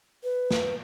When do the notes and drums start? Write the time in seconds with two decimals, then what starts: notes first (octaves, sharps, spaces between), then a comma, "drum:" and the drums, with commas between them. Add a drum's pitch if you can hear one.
0.24 B4
0.51 drum: snare